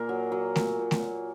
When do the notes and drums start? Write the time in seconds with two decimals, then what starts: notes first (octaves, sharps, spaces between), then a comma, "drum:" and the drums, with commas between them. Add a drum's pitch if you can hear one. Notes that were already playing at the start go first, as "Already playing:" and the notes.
Already playing: A#2 A#3 G#4 A#4
0.09 F#3
0.32 F#3
0.56 A#2, drum: snare A3
0.79 A#2
0.91 drum: snare A3
1.03 A#3